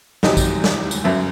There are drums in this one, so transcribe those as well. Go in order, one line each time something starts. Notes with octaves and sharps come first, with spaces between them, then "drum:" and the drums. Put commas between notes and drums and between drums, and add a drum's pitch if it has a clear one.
E2 C3 D#3 F#3 D#5, drum: snare
drum: kick A1, tambourine
drum: snare
drum: tambourine
G1 F#2 F#3 E5